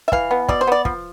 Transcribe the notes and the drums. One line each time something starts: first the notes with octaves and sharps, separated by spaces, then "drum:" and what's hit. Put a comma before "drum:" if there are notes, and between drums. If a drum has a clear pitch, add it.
E5
E3 F5, drum: kick
B3
B2 D5, drum: kick
C5
B3 D5
F3, drum: kick